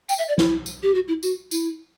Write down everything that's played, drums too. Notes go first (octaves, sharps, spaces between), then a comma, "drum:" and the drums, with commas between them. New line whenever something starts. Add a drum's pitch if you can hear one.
G5, drum: tambourine
E5
D5
E4, drum: snare
drum: tambourine
G4
F#4
E4
F#4, drum: tambourine
E4, drum: tambourine